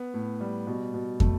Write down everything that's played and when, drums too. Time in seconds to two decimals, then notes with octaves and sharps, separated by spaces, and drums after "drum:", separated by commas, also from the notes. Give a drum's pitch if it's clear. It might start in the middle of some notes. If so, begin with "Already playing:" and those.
Already playing: B3
0.14 A2
0.41 G3
0.67 B2
0.94 B2
1.20 A3, drum: kick